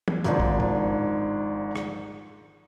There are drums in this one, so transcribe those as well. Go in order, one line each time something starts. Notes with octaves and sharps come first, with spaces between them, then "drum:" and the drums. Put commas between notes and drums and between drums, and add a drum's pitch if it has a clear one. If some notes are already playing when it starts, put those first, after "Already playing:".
drum: tom
G#1 G#2 F3 D4, drum: hi-hat
drum: kick
drum: tom
drum: rim click